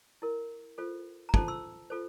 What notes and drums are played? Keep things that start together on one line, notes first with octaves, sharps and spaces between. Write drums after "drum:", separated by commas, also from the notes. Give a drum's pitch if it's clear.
E4 A#4
F4 A4 C5
A#5
F4 A4 C5 A5 C6, drum: kick
C6 E6
F4 A4 C5